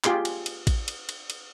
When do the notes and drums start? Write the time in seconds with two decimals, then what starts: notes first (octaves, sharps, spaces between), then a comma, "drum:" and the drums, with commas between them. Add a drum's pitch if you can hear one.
0.04 F4 G4 G#4 C6, drum: clap
0.25 drum: cymbal
0.46 drum: cymbal
0.67 drum: kick A1, cymbal
0.88 drum: cymbal
1.09 drum: cymbal
1.30 drum: cymbal